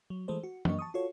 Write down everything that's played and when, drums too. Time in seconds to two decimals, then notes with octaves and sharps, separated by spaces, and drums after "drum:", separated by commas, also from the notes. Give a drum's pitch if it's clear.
0.10 F#3
0.28 E3 G#3 A3 A4 C5
0.43 F#4
0.65 F#2 F#3 A#3 D4 D#5 C#6, drum: tom
0.79 A5 C#6 D#6
0.94 F4 F#4 A4 C#5